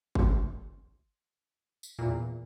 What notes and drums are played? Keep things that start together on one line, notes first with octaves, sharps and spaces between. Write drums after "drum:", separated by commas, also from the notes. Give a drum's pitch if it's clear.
C6, drum: kick G1
drum: tambourine
E2 A#2